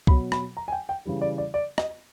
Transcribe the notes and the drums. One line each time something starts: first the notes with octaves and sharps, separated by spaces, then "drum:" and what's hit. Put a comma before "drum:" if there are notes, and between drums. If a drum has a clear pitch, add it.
B2 F#3 B5, drum: kick C2
B5, drum: rim click
A#5
G#5
G5
G5
C#3 E3 G3
D5
D5
D5
D#5, drum: rim click